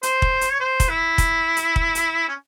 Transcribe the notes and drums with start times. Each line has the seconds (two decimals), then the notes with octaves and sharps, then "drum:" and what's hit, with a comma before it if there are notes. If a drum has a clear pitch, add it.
0.03 C5, drum: hi-hat
0.22 drum: kick
0.41 drum: hi-hat
0.51 C#5
0.60 C5
0.80 drum: kick, hi-hat
0.89 E4
1.18 drum: kick, hi-hat
1.57 drum: hi-hat
1.76 drum: kick
1.95 drum: hi-hat
2.28 C#4